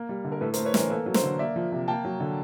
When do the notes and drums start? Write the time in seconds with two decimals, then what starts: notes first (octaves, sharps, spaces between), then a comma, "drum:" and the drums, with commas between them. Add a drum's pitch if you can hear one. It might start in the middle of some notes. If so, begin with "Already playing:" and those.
Already playing: A#3
0.09 G3
0.24 D3
0.32 A#4
0.41 A2 A4 B4
0.54 A#4 C5, drum: hi-hat
0.58 A3
0.65 B4 C#5
0.74 E3 A#4 C5, drum: snare
0.90 A#3 A4 B4
1.06 F#3
1.14 A#4 C5, drum: snare
1.23 D3
1.39 A#3 D5 E5
1.56 F3
1.72 C3
1.88 A#3 G5 A5
2.05 F#3
2.20 D3